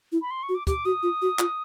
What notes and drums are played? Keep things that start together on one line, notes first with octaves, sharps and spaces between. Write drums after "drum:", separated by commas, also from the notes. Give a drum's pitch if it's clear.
E4
B5
C6
C#6
F#4
D6
G4 D6, drum: kick, hi-hat
F#4 D#6
F4
F#4
F4, drum: clap